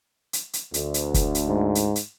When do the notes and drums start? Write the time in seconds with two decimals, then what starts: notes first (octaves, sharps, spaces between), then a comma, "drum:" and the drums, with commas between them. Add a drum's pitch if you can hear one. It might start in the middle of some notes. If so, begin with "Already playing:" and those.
0.33 drum: hi-hat
0.53 drum: hi-hat
0.74 D2, drum: hi-hat
0.94 drum: hi-hat
1.14 drum: kick, hi-hat
1.35 drum: hi-hat
1.48 G#2
1.75 drum: hi-hat
1.96 drum: hi-hat